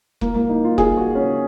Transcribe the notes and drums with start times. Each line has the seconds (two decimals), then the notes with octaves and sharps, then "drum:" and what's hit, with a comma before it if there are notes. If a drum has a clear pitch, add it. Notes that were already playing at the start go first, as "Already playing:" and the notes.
0.21 A#3, drum: kick
0.35 A#3
0.49 D#4
0.64 F4
0.78 G#4, drum: kick
0.97 F#4
1.15 C#4